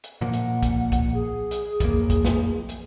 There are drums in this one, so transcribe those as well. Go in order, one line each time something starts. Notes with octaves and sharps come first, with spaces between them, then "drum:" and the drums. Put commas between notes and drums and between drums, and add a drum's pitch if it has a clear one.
drum: hi-hat
A#2 F3 A#3 F#5
drum: hi-hat
drum: kick, hi-hat
drum: kick, hi-hat
G#4
drum: hi-hat
A1 F2 A#3, drum: kick, hi-hat
drum: kick, hi-hat
drum: snare
drum: hi-hat